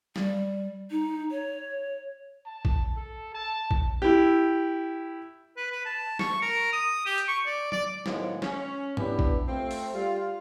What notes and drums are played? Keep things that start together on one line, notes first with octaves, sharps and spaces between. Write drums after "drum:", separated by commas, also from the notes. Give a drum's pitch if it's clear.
G3, drum: snare
D#4
C#5
A5
drum: kick A#1
A4
A5
drum: kick A#1
E4 G4
B4
B4
A5
C#6, drum: snare
A#4
D#6
G4
drum: hi-hat
C#6
D5
D5, drum: tom
A2 D#3 F3 F#3 G#3 B3, drum: snare
C#4, drum: snare
B3 D4 E4 G4 B4, drum: tom
drum: kick A#1
A3 C4 F4
drum: open hi-hat
G3 F4